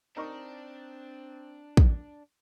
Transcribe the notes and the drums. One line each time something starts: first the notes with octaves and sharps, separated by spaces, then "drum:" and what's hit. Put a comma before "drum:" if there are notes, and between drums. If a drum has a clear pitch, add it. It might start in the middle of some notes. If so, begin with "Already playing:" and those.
C4 D4 D#4 A#4 C#6
drum: kick